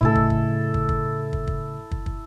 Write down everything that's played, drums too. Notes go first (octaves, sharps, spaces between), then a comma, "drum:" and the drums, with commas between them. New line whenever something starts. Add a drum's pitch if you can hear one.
A2 C#3 E4 A4
drum: kick
drum: kick
drum: kick
drum: kick
drum: kick
drum: kick
drum: kick
drum: kick